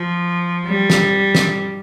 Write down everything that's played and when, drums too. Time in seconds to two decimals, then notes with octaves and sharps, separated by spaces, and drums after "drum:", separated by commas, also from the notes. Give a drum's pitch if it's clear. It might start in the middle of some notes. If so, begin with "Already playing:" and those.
Already playing: F3
0.67 G3
0.90 drum: snare
1.35 drum: snare